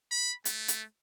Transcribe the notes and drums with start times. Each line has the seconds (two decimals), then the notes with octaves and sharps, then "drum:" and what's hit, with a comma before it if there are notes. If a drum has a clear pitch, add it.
0.11 B5
0.45 A3, drum: hi-hat
0.68 drum: hi-hat